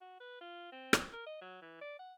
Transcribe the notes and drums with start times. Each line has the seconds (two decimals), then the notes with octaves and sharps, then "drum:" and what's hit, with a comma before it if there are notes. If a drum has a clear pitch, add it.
0.01 F#4
0.20 B4
0.41 F4
0.72 C4
0.93 drum: rim click
1.13 A#4
1.26 D#5
1.41 F#3
1.62 E3
1.81 D5
1.99 F#5